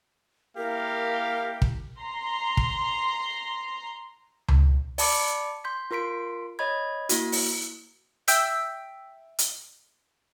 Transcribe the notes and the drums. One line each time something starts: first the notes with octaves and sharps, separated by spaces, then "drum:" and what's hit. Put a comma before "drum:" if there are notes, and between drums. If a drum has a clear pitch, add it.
A#3 E4 G4 A#4 F5
drum: kick
A#5 C6
drum: kick
drum: tom C#2
D5 A5 B5 D6 C#7 D7, drum: open hi-hat
C6 G6 B6
F4 A#4 C6 B6 D7
C#5 D#5 B5 G#6
A#3 E4 F#4, drum: hi-hat
drum: open hi-hat
E5 G5 E6 G6, drum: hi-hat
drum: hi-hat